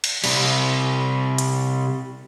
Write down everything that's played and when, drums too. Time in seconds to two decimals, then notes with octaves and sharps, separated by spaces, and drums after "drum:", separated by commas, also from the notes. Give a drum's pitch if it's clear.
0.04 drum: cymbal
0.24 C3 G3, drum: cymbal
1.38 drum: hi-hat